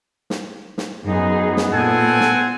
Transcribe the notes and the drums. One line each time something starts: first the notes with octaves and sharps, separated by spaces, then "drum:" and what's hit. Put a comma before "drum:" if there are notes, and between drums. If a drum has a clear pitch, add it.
drum: snare
drum: snare
F#2 B3 D#4 G#4
drum: snare
A#2 B3 C4 A4 F#5 G#5
drum: snare